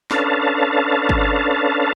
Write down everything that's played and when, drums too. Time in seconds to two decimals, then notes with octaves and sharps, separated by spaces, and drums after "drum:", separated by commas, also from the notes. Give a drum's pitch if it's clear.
0.11 C#4 D4 A4 B4 F5 A5, drum: snare
1.09 drum: kick G1